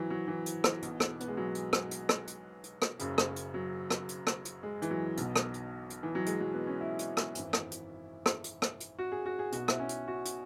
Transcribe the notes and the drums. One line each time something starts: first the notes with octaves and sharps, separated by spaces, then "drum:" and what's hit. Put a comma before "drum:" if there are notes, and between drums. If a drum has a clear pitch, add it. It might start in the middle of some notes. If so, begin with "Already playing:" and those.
Already playing: G#1 E3 F#3
F#3
E3
drum: hi-hat
drum: rim click
B1 B2, drum: hi-hat
drum: rim click
B3, drum: hi-hat
G#3
F#3
drum: hi-hat
drum: rim click
drum: hi-hat
drum: rim click
drum: hi-hat
drum: hi-hat
drum: rim click
F#1 F#2 C#3, drum: hi-hat
drum: rim click
drum: hi-hat
F#3
drum: rim click
drum: hi-hat
drum: rim click
drum: hi-hat
G#3
E3, drum: hi-hat
F#3
B1 B2, drum: hi-hat
drum: rim click
drum: hi-hat
drum: hi-hat
E3
F#3
G#3, drum: hi-hat
F#3
B3
C#4
E4
drum: hi-hat
drum: rim click
G#1 F#2 E3, drum: hi-hat
drum: rim click
drum: hi-hat
drum: rim click
drum: hi-hat
drum: rim click
drum: hi-hat
F#4
G#4
F#4
G#4
B1 B2 F#4, drum: hi-hat
E4, drum: rim click
C#4
drum: hi-hat
F#4
drum: hi-hat